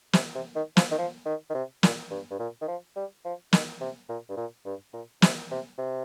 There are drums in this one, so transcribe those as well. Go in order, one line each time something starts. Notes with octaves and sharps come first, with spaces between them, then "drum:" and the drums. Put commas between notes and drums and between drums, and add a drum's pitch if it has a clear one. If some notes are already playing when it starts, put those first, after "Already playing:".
C3, drum: snare
C3
D#3
F3, drum: snare
D#3
F3
D#3
D#3
C3
A#2, drum: snare
G2
G2
A#2
D#3
F3
G3
F3
D#3, drum: snare
C3
A#2
G2
A#2
G2
A#2
C3, drum: snare
C3
C3